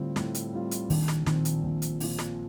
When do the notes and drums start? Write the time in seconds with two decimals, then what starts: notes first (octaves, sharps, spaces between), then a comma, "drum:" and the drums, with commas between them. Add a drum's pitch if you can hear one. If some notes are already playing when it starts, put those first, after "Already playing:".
Already playing: A2 D3 G3 C4 F4
0.16 A2, drum: snare
0.35 drum: hi-hat
0.53 G3 C4 F4
0.71 drum: hi-hat
0.90 A#1 D#3, drum: open hi-hat
1.08 drum: snare
1.27 A#2 D#3 F3 C4, drum: snare
1.45 drum: hi-hat
1.63 A#1
1.82 drum: hi-hat
2.00 A#2 F3 C4, drum: open hi-hat
2.19 drum: snare